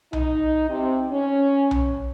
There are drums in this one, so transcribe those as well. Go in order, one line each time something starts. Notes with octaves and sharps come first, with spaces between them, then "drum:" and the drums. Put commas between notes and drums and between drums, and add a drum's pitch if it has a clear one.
D#4, drum: tom B1
C3
C#4
drum: tom B1